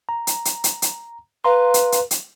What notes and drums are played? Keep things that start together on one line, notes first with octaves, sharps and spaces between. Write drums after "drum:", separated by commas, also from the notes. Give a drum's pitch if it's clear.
A#5
drum: hi-hat
drum: hi-hat
drum: hi-hat
drum: hi-hat
B4 F5 A#5 C6
drum: hi-hat
drum: hi-hat
drum: hi-hat